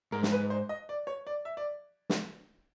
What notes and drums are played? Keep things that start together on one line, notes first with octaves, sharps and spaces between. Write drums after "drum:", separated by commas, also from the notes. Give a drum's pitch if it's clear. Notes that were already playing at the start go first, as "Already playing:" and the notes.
G#2 A#4
drum: snare
B4
C5
D#5
D5
C#5
D5
E5
D5
drum: snare